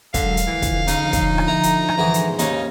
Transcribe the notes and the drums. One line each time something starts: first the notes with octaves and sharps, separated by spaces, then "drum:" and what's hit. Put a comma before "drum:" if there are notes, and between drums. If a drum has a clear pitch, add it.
D3 F#3 G#3 A#4 F5, drum: kick, hi-hat
drum: hi-hat
D3 E3 F3
drum: kick, hi-hat
C#3 D#4, drum: hi-hat
drum: kick, hi-hat
drum: rim click
E4 A#5
drum: hi-hat
drum: rim click
G#2 E3 F#4 G#4
drum: hi-hat
D#2 C#3 D#4 C#5, drum: hi-hat